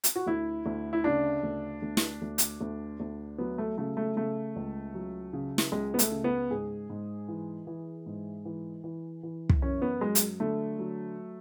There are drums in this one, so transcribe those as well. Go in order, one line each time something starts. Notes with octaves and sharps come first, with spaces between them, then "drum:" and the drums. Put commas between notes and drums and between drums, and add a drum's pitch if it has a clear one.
drum: hi-hat
F#4
D2 E4
D2
E4
C#3 D4
D2
D2
drum: snare
D2
drum: hi-hat
D2
D2
F#3 B3
A3
C#3 A3
A3
C#3 A3
C#2
F#3
C#3
drum: snare
C#2 G#3
B3
A3, drum: hi-hat
C#3
B3
G#2 G#4
G#2
E3
E3
G#2
E3
E3
E3
drum: kick
F#2 C#4
B3
F#3 G#3
drum: hi-hat
D3 A3
F#3